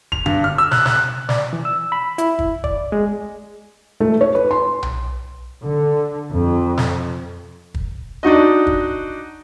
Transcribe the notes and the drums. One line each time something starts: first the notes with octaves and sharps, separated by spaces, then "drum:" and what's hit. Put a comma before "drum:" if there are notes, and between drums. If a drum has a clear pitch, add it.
F7, drum: kick
G2, drum: tom D3
F6
E6
F#6, drum: snare
F#6, drum: snare
D5, drum: snare
E3
E6
B5
E4, drum: hi-hat
drum: kick
D5, drum: kick
G#3
A3
C#5
B4
C6
drum: tom B1
D3
F2
drum: snare
drum: kick
D4 D#4 F#4 D#5
drum: kick